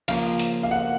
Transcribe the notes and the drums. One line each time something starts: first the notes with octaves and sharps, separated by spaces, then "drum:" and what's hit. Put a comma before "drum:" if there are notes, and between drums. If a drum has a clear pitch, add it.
C#3 F3 A#3 F5, drum: cymbal
drum: hi-hat
F5
F#5